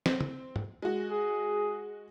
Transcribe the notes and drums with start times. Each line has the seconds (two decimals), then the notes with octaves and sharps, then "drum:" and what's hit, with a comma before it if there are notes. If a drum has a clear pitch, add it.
0.06 C4, drum: snare
0.21 drum: tom
0.56 drum: tom
0.82 G#3 F#4
1.10 G#4